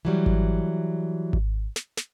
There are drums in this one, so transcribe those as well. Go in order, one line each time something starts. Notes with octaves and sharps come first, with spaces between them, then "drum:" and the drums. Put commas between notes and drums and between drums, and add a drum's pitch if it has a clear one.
E3 F#3 G3
drum: kick G#1
drum: kick G#1
drum: snare
drum: snare